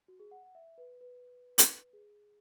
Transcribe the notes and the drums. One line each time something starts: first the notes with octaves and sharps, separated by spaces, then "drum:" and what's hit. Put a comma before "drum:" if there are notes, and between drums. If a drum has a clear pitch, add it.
F#4
G#4
F#5
F#5
E5
B4
B4
drum: hi-hat
G#4